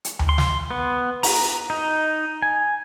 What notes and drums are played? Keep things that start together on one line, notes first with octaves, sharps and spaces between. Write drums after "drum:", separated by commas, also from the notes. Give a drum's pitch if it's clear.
drum: hi-hat
drum: tom D2
C6
drum: snare
B3
A#5, drum: open hi-hat
D#4
G#5